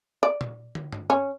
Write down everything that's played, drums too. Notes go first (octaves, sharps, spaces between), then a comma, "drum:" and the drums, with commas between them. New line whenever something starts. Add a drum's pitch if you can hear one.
D5
drum: tom A#2
drum: tom
drum: tom G2
C#4